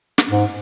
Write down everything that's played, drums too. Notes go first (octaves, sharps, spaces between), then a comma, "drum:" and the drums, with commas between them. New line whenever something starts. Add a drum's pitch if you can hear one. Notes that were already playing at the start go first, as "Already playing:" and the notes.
drum: snare
G#2